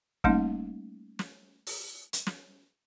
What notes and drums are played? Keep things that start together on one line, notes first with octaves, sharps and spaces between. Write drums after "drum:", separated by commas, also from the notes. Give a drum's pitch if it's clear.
G3 A3 A#3 C#4 D#4, drum: kick
drum: snare
drum: open hi-hat
drum: hi-hat
drum: snare